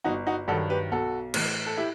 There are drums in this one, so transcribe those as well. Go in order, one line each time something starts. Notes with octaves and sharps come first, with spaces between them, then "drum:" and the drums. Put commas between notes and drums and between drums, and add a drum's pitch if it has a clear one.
G1 D#4 F#4
D#4 F#4
G2 D#3 F#3 F#4 A4
G4 B4
B1 F#4 A4
A2 E3, drum: cymbal
A4
E4 G4